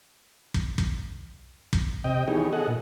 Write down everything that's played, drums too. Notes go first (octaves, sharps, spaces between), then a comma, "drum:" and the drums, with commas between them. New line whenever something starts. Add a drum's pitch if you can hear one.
drum: kick
drum: kick
drum: kick
C3 D#5 G5
E3 B3 D#4 G4 G#4 C#5
G#4 A4 D#5 F#5
A#2